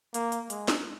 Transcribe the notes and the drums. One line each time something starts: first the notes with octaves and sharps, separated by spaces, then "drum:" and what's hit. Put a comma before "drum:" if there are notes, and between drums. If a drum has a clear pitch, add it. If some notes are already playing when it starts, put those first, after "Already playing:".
A#3, drum: hi-hat
drum: hi-hat
G#3, drum: hi-hat
drum: snare